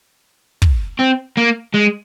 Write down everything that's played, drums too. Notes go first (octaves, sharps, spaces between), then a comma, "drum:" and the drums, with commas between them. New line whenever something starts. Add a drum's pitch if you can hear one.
drum: kick
C4
A#3
G#3